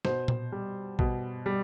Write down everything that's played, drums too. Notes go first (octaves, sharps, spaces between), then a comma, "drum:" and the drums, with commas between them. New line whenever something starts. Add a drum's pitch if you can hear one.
B2 C5, drum: snare
drum: tom A#2
G3
B2, drum: kick A1
G3